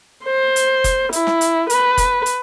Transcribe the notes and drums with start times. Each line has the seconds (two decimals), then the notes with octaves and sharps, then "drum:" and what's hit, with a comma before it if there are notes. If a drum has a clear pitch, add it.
0.24 C5
0.56 drum: hi-hat
0.84 drum: kick, hi-hat
1.13 E4, drum: hi-hat
1.27 drum: snare
1.41 drum: hi-hat
1.70 B4, drum: hi-hat
1.98 drum: kick, hi-hat
2.26 drum: hi-hat